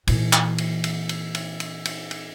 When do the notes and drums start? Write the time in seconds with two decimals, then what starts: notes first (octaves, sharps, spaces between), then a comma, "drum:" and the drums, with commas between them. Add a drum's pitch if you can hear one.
0.07 A#2 E3, drum: cymbal
0.33 drum: clap
0.58 drum: cymbal
0.84 drum: cymbal
1.09 drum: cymbal
1.35 drum: cymbal
1.60 drum: cymbal
1.85 drum: cymbal
2.11 drum: cymbal